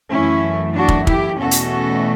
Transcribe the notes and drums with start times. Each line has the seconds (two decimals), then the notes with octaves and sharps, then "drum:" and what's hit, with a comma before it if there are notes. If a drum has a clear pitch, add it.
0.11 F#2 E3 A3 C#4 E4
0.75 D4 F#4
0.88 drum: kick
1.07 E4 G4, drum: kick
1.39 E2 B2 A3 C#4 F#4 A4
1.51 drum: hi-hat